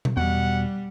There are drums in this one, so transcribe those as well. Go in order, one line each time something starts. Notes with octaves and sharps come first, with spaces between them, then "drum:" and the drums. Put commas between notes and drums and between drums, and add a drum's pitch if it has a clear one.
drum: tom B2
E2 B2 G3 F#5